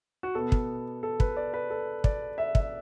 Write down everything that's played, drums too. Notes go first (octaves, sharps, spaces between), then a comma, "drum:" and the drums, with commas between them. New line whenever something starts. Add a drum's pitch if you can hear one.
F#4
B2 B3 A4
drum: kick
A4
B4, drum: kick
D5
B4
A4
D5, drum: kick
E5
E5, drum: kick